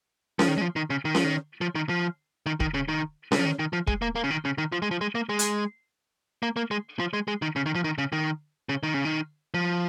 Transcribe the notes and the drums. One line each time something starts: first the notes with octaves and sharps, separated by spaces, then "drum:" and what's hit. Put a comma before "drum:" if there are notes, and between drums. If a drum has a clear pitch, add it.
F3, drum: snare C#4
D#3
G#3
F3
D#3
C#3
D#3
F3, drum: snare C#4
D#3
F3
D#3
F3
D#3
D#3, drum: kick
C#3
D#3
C#3, drum: snare C#4
F3
D#3
D#3
F3
G#3, drum: kick
A#3
A#3
C#3
D#3
C#3
D#3
F3
G#3
F3
G#3
A#3
G#3
drum: hi-hat
A#3
A#3
G#3
F3
G#3
G#3
D#3
C#3
D#3
F3
D#3
C#3
D#3
C#3
D#3
C#3
D#3
F3